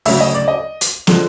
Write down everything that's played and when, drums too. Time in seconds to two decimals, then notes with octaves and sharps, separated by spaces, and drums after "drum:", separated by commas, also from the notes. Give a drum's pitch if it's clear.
0.05 D2 C#3 F#3 E5, drum: open hi-hat
0.21 D#5
0.35 D5
0.48 D#5
0.81 drum: hi-hat
1.07 D3 F3 G#3, drum: snare